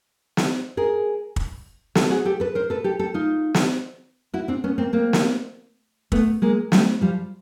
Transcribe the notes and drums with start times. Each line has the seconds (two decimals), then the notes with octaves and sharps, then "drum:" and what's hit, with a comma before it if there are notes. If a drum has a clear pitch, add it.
0.37 drum: snare
0.77 G#4 A#4
1.36 drum: kick
1.95 G4 A4, drum: snare
2.10 F#4 G#4
2.25 G4 A4
2.40 A4 B4
2.55 A#4 C5
2.70 A4 B4
2.84 G4 A4
2.99 G4 A4
3.14 D#4 F4
3.54 drum: snare
4.34 E4 F#4
4.48 C4 D4
4.64 B3 C#4
4.78 A#3 C4
4.93 A#3 C4
5.13 drum: snare
6.12 A3 B3, drum: kick
6.42 G#3 A#3
6.72 G3 A3, drum: snare
7.01 F3 G3